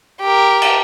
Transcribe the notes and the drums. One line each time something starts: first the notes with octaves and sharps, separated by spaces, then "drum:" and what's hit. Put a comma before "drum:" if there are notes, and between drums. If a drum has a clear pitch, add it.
G4 A#4
drum: cymbal